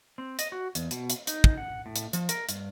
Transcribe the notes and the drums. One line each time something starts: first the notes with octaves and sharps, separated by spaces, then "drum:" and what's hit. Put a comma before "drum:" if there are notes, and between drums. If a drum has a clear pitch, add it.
C4
D#5, drum: hi-hat
F#4
E2, drum: hi-hat
B2, drum: hi-hat
drum: hi-hat
D#4, drum: hi-hat
drum: kick
F#5
A2
drum: hi-hat
F3, drum: hi-hat
A#4, drum: hi-hat
G2, drum: hi-hat